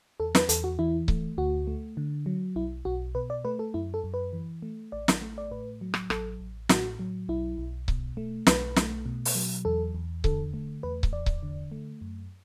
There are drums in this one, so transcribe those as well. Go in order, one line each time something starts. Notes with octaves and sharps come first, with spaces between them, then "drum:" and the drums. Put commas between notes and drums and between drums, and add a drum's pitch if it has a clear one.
E2 A4
B4, drum: snare
E2 A4, drum: hi-hat
F#4
E3 E4
A3, drum: kick C#1
D2 F#4
A3
D3
F#3
B1 E4
B1 F#4
B2 B4
D5
A3 B4
A4
F#2 E4
A4
F#2
B4
E3
A3
A1 D5
drum: snare
A3
D5
A2 B4
F#3
drum: rim click
A1 A4, drum: rim click
A1
A2 F#4, drum: snare
F#3
B1 E4
B1
B2, drum: kick C#1
A3
B1 B4, drum: snare
A3, drum: snare
B2
drum: open hi-hat
F#3
E2 A4
E2
D3 A4, drum: kick C#1
A3
E2 B4
drum: kick C#1
E2 D5
drum: kick C#1
D3
A3
F#2